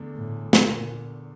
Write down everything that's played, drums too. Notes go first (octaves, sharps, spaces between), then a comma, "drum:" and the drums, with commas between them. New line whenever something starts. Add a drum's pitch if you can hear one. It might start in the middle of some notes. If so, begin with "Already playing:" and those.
Already playing: E2 D3 A3 D4
A2
A#2, drum: snare